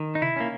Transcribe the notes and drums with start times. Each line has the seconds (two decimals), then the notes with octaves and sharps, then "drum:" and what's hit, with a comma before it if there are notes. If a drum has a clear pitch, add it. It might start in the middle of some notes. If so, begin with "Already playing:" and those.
Already playing: D#3
0.15 D#4
0.22 E4, drum: tom B2
0.36 A#3 C#4